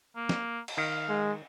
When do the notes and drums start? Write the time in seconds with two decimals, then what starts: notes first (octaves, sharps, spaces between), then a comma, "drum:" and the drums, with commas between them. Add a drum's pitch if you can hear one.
0.16 A#3
0.29 drum: snare
0.68 drum: cymbal
0.77 D#3 F5
1.09 G#3